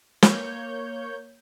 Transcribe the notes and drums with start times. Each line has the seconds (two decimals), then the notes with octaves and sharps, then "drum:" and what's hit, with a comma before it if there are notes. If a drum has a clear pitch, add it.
0.22 A#3 C#5 G6, drum: snare